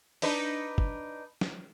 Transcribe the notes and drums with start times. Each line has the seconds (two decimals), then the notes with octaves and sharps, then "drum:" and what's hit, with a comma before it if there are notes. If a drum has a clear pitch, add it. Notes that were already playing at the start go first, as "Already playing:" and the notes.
0.22 D4 D#4 B4, drum: open hi-hat
0.78 drum: kick
1.41 drum: snare